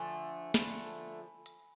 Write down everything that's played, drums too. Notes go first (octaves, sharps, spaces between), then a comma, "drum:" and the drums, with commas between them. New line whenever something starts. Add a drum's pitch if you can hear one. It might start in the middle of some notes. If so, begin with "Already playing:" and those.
Already playing: D3 F3 A3 G#5
D3 F3 A3 B5, drum: snare
drum: hi-hat